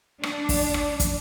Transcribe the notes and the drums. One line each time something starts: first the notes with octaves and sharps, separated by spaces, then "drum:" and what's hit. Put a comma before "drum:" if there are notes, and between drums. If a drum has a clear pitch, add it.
D4, drum: rim click
drum: kick, open hi-hat
drum: rim click
drum: kick, hi-hat